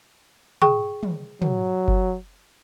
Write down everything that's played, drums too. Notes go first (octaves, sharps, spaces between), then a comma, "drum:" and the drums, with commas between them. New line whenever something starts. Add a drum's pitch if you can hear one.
G#4 G5 C#6, drum: tom
drum: tom
F#3, drum: tom
drum: kick F#1